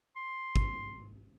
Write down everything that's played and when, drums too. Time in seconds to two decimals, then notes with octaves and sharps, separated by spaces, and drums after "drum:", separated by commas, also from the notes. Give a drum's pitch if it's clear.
0.16 C6
0.56 drum: kick G#1